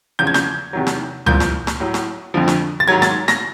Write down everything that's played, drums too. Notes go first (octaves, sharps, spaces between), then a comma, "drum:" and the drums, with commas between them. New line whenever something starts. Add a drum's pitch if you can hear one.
E2 C#3 F3 G6
G#6
G6, drum: snare
E2 C3 D#3 F#3
drum: snare
C2 A#2 F3 G6, drum: tom C#2
drum: snare
drum: snare
A2 F#3
drum: snare
F2 D3 F3
drum: snare
A6
G#2 D#3 F#3 G#6
A6, drum: snare
A#6, drum: snare